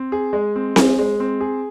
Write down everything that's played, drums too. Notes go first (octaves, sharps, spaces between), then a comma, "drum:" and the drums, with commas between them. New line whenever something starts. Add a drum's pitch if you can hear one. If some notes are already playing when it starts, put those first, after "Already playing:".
Already playing: C4
G#4
G#3
C4
G#4, drum: snare C4
G#3
C4
G#4